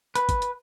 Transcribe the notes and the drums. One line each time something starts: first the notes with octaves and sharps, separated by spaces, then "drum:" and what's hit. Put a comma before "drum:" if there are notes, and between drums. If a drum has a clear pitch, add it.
B4, drum: hi-hat
drum: kick, hi-hat
drum: hi-hat